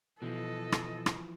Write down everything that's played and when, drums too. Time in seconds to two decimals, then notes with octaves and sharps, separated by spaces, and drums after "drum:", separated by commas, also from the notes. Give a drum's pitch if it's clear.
0.22 B2 E3 F3 A4 D#5
0.72 drum: rim click
1.06 drum: rim click